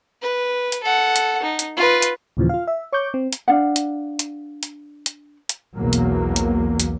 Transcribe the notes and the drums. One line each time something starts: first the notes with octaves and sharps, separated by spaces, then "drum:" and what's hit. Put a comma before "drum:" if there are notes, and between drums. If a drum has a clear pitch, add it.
B4
drum: hi-hat
A4 F#5
drum: hi-hat
D#4
drum: hi-hat
F4 B4
drum: hi-hat
D#2 A#2 C#3 E3 F3
F4 F5
E5
C#5 C#6 D6 G6
C4
drum: hi-hat
D4 F5 F#5
drum: hi-hat
drum: hi-hat
drum: hi-hat
drum: hi-hat
drum: hi-hat
B1 E2 B2 F#3 A#3
drum: hi-hat
drum: hi-hat
drum: hi-hat